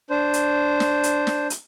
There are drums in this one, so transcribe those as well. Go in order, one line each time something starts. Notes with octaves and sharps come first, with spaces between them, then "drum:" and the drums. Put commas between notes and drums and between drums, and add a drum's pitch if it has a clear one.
D4 C5
drum: hi-hat
drum: snare
drum: hi-hat
drum: snare
drum: hi-hat